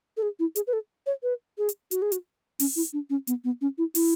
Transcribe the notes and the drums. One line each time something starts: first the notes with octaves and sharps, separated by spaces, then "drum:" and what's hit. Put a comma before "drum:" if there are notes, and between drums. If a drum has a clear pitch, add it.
A4
G#4
E4
G#4, drum: hi-hat
B4
A4
C#5
B4
G#4
drum: hi-hat
F#4, drum: hi-hat
G#4
F#4, drum: hi-hat
C#4, drum: open hi-hat
E4
D4
C#4
B3, drum: hi-hat
B3
C#4
E4
E4, drum: open hi-hat